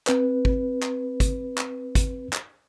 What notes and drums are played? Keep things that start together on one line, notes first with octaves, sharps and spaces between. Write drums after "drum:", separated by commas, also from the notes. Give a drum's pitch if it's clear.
C4 B4, drum: clap
drum: kick
drum: clap
drum: kick, hi-hat
drum: clap
drum: kick, hi-hat
drum: clap